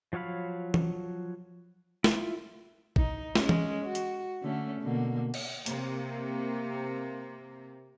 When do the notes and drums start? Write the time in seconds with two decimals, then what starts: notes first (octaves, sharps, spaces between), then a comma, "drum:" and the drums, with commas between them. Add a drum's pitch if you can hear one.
0.13 F3 F#3 C#5 F5 B5
0.74 drum: tom
2.04 E4 F4, drum: snare
2.96 D#4, drum: kick A1
3.36 G#3 C#4, drum: snare
3.49 drum: tom
3.85 F#4
3.95 drum: hi-hat
4.43 D3 A3 C#4
4.82 B2 D3 A#3
5.34 drum: cymbal
5.66 C3 A#3, drum: hi-hat